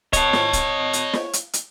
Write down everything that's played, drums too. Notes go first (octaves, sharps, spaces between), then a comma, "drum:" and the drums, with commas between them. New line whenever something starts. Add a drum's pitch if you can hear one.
C#5 D#5 A5, drum: kick, hi-hat
drum: snare
drum: kick, hi-hat
drum: hi-hat
drum: snare
drum: hi-hat
drum: hi-hat